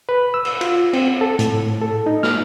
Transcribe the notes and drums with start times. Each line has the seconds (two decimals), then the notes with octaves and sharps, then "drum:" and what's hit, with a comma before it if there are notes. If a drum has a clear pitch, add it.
0.09 B4
0.34 E6
0.45 drum: cymbal
0.61 F4, drum: cymbal
0.93 C4, drum: cymbal
1.21 A4
1.39 A2, drum: hi-hat
1.81 A4
2.06 D#4
2.23 F6, drum: snare